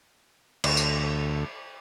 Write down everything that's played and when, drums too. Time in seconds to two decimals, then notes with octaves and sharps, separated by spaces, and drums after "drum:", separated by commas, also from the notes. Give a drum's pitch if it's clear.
0.64 D2, drum: cymbal
0.77 drum: tambourine